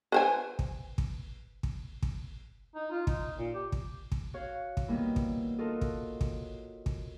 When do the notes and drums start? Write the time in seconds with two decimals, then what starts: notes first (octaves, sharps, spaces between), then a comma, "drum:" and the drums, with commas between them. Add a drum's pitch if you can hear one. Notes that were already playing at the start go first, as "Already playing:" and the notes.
0.12 B4 C5 G#5
0.59 drum: kick
0.98 drum: kick
1.63 drum: kick
2.03 drum: kick
2.75 D#4
2.91 F4
3.07 D#4, drum: kick
3.37 A#2
3.54 G4
3.72 drum: kick
4.12 drum: kick
4.34 F#4 C#5 F5
4.77 drum: kick
4.88 B2 D#3 G3 A#3 E4
5.16 drum: kick
5.58 D#4 F4 F#4 A4 A#4 D#5
5.81 drum: kick
6.21 drum: kick
6.86 drum: kick